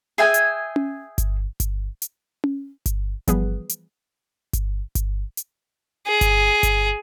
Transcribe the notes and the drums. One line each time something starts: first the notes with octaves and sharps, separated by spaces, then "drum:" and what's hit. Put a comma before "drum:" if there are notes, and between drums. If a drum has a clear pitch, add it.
G#4 E5 G5 G#5
drum: hi-hat
drum: tom C#4
drum: kick G1, hi-hat
drum: kick G1, hi-hat
drum: hi-hat
drum: tom C#4
drum: kick G1, hi-hat
E3 F3 G3 B3 G#4 B4, drum: kick G1, hi-hat
drum: hi-hat
drum: kick G1, hi-hat
drum: kick G1, hi-hat
drum: hi-hat
G#4
drum: kick G1, hi-hat
drum: kick G1, hi-hat